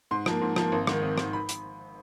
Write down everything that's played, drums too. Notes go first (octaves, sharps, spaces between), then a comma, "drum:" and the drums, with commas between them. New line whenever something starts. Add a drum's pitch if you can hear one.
G#2 C6
F3 A#3, drum: rim click
G#2
F3, drum: rim click
A#3
G#1
G#2 D#3, drum: rim click
G#1
G#2 D#3, drum: rim click
B5
drum: hi-hat